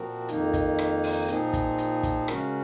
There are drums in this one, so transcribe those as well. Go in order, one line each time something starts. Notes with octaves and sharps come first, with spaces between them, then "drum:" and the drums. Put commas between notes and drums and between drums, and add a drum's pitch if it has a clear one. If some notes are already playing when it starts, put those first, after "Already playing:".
Already playing: A#2 F3 C4 F#4 A#4
F2 D#3 A#3 D#4, drum: hi-hat
drum: kick, hi-hat
drum: rim click
drum: open hi-hat
A#2 F3 C4 D#4 G#4, drum: hi-hat
drum: kick, hi-hat
drum: hi-hat
drum: kick, hi-hat
C#3 G#3 C#4 F#4 A#4, drum: rim click